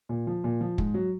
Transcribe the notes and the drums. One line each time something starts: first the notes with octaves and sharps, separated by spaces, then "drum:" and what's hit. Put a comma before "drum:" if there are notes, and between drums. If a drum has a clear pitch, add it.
A#2
F3
A#2
F3
G#2, drum: kick
F#3